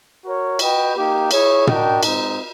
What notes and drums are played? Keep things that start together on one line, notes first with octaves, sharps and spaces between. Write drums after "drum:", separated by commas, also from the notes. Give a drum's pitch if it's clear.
F#4 A#4 C#5
F#4 B4 D#5 G5, drum: cymbal
A#3 D#4 G4
E4 G#4 C#5, drum: cymbal
D4 F#4 A#4 D#5 G5, drum: tom
G#3 C4 D#4, drum: cymbal